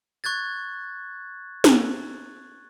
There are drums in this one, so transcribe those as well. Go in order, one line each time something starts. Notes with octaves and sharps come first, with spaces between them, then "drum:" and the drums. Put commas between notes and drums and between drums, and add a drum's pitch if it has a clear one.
C#6 F#6 G#6 A6
drum: snare